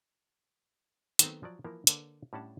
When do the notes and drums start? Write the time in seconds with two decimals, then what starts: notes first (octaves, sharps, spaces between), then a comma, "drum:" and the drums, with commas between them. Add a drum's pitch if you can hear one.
1.19 D#3 F#3 A3 B3 C4, drum: hi-hat
1.43 F3 F#3 D5
1.64 E3 F3 A#3 E4 A#4
1.87 D3 A#3 B4 C#5 D5, drum: hi-hat
2.33 A2 G3 C#4 D4 F#5 A5